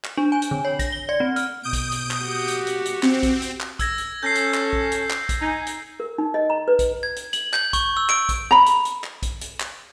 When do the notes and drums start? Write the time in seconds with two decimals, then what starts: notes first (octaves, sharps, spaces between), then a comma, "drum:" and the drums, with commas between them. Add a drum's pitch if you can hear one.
0.04 drum: clap
0.17 D4
0.32 G#5
0.42 drum: hi-hat
0.51 D3
0.65 C#5
0.79 A#6, drum: kick, hi-hat
0.92 G7
1.09 D5
1.20 C4
1.36 F6, drum: hi-hat
1.63 B2 D#6 G6 D7
1.73 drum: kick, hi-hat
1.92 drum: hi-hat
2.11 drum: clap
2.23 F#4 G4
2.48 drum: hi-hat
2.67 drum: hi-hat
2.85 drum: hi-hat
3.03 C4, drum: clap
3.23 drum: kick, hi-hat
3.42 drum: hi-hat
3.60 drum: clap
3.79 E6 G#6 A#6, drum: kick, hi-hat
3.98 drum: hi-hat
4.23 C#4 A4 G6 A#6 C7
4.35 drum: hi-hat
4.54 drum: clap
4.73 drum: kick
4.92 drum: hi-hat
5.10 drum: clap
5.29 drum: kick, hi-hat
5.41 D#4 G#5 A#5
5.67 drum: hi-hat
6.00 A#4
6.18 D#4
6.34 D#5
6.50 A#5
6.68 B4
6.79 drum: kick, hi-hat
7.03 G#6
7.16 drum: hi-hat
7.33 F#7, drum: hi-hat
7.53 G6, drum: clap
7.73 C#6, drum: kick, hi-hat
7.97 E6
8.09 D7, drum: clap
8.29 drum: kick, hi-hat
8.51 A#5 B5
8.66 drum: hi-hat
8.85 drum: hi-hat
9.04 drum: clap
9.23 drum: kick, hi-hat
9.41 drum: hi-hat
9.60 drum: clap